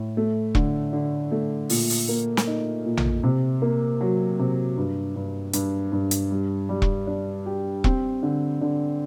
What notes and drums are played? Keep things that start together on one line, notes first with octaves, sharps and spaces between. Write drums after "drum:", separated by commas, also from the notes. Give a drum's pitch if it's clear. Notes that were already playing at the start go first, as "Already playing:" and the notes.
Already playing: A2
A3
D3, drum: kick E1
D3
A3
A#2, drum: open hi-hat
drum: open hi-hat
A#3
drum: snare
D#4
A#2
drum: tom A#1
C3
A#3
F#3
C3
G2
G2
G2, drum: hi-hat
G2
drum: hi-hat
G3
G3
drum: kick E1
D4
G4
C4, drum: kick E1
D3
D3